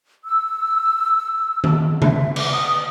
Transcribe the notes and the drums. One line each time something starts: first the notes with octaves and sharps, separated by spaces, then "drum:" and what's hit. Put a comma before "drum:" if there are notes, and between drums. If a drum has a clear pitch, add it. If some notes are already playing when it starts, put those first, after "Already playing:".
E6
drum: tom D#3
E5, drum: tom C3
D6, drum: cymbal
D#6